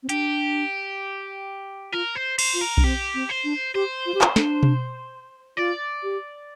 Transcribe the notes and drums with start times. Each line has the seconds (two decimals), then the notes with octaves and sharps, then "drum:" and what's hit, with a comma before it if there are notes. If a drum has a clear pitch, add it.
0.03 C4
0.09 D4 G4, drum: hi-hat
1.92 F4 A#4
2.15 C5
2.39 C5, drum: cymbal
2.54 F4
2.61 A#4
2.77 D4, drum: kick B1
2.84 C4 G4
3.14 C4
3.30 C5
3.44 D4
3.75 G4 C5
4.06 F4
4.14 G4
4.21 F4, drum: clap
4.36 D4, drum: snare
4.63 drum: tom B2
5.57 F4 D5
6.03 G4